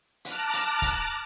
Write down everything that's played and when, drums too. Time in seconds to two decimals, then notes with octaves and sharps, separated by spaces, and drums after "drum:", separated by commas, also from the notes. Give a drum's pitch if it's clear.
0.25 A5 A#5 D6 F6 F#6, drum: hi-hat
0.53 drum: hi-hat
0.82 drum: kick C#1, hi-hat